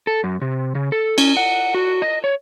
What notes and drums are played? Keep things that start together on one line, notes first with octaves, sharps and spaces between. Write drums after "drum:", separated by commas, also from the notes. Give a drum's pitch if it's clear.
A4
F#2
C3
C#3
A4
C#4, drum: cymbal
F#5
F#4
D#5
C#5